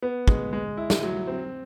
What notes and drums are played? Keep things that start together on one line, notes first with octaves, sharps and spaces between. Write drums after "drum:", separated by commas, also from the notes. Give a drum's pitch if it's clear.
B3
G#3, drum: kick
G#3
E4
drum: snare
F#3
C4